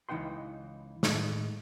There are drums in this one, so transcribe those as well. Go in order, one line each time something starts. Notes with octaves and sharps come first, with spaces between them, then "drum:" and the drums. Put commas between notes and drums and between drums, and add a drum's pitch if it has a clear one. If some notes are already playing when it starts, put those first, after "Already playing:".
C#2 E3 D#4 F#5 G5 C6
A2 D#3 G#3, drum: snare